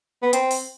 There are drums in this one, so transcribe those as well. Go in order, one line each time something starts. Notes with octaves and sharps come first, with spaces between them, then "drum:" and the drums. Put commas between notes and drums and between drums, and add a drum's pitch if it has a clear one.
B3
C4, drum: hi-hat
drum: open hi-hat